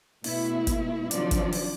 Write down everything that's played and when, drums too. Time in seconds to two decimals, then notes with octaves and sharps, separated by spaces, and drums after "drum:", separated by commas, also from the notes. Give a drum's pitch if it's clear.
0.24 B2 A3 E4, drum: open hi-hat
0.67 drum: kick, hi-hat
1.11 C3 D#3 F3 F#3 D4 D5, drum: hi-hat
1.31 drum: kick, hi-hat
1.53 drum: open hi-hat